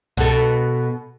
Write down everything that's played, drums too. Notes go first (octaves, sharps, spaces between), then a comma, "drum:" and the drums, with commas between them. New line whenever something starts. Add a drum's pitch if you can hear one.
B2 A4, drum: kick C2